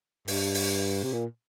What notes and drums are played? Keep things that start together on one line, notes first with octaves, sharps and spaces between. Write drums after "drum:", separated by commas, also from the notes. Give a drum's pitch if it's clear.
G2, drum: open hi-hat
drum: open hi-hat
C3
A#2